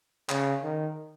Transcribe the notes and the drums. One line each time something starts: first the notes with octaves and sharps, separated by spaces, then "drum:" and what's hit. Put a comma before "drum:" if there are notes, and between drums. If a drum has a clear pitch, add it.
C#3, drum: clap
D#3